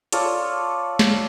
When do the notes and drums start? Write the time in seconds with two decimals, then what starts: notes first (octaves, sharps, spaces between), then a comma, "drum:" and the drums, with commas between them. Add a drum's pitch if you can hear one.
0.13 F4 A4 C#5 D5, drum: hi-hat
0.99 drum: snare